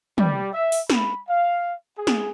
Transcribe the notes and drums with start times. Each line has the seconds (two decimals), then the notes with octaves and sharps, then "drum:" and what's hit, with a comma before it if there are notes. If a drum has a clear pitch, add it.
0.18 G3, drum: tom
0.54 E5
0.72 drum: open hi-hat
0.90 B5, drum: snare
1.29 F5
1.97 G#4
2.07 drum: snare